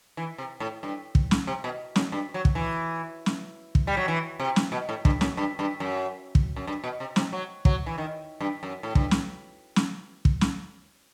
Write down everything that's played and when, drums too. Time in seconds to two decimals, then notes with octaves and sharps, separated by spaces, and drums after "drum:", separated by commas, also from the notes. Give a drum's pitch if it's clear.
0.17 E3
0.38 C3
0.60 A2
0.83 G2
1.15 drum: kick
1.31 drum: snare
1.47 C3
1.64 B2
1.96 F#2, drum: snare
2.12 G2
2.34 F#3
2.45 drum: kick
2.55 E3
3.26 drum: snare
3.75 drum: kick
3.87 G3
3.97 F#3
4.08 E3
4.40 C3
4.56 drum: snare
4.72 B2
4.89 A2
5.05 G2, drum: kick
5.21 F#2, drum: snare
5.37 G2
5.59 G2
5.80 F#2
6.35 drum: kick
6.56 F#2
6.67 G2
6.84 B2
7.00 C3
7.16 C3, drum: snare
7.33 F#3
7.65 F#3, drum: kick
7.86 E3
7.98 D#3
8.41 G2
8.63 F#2
8.83 A2
8.95 G2, drum: kick
9.11 drum: snare
9.76 drum: snare
10.25 drum: kick
10.41 drum: snare